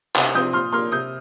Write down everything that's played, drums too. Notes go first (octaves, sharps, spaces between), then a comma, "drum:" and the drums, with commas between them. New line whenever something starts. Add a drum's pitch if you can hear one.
C3, drum: clap
F3 C4 D#6 G6
A#2 C6 F6
A#3 C6 F6
C3 D#6 G6